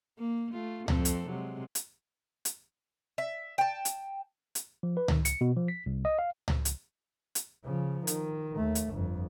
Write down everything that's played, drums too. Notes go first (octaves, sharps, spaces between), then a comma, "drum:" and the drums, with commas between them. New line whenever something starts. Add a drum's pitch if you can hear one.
A#3
A3 F4
F2 C4 A4, drum: tom C#2
drum: hi-hat
C3 F#3 G#3
drum: hi-hat
drum: hi-hat
E5
G5 A5
drum: hi-hat
drum: hi-hat
F3
B4
D#3, drum: tom C#2
C#7, drum: hi-hat
B2
F3
B6
C2
D#5
F5
drum: tom C#2
drum: hi-hat
drum: hi-hat
C#3 F3
D#3, drum: hi-hat
D#2 A3
drum: hi-hat
G1 F2